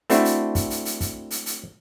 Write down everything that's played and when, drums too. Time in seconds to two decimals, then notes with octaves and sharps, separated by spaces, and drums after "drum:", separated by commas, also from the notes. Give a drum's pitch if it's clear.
0.10 A3 C4 D4 E4 F#4, drum: hi-hat
0.25 drum: hi-hat
0.55 drum: kick, hi-hat
0.70 drum: hi-hat
0.85 drum: hi-hat
1.00 drum: kick, hi-hat
1.31 drum: hi-hat
1.46 drum: hi-hat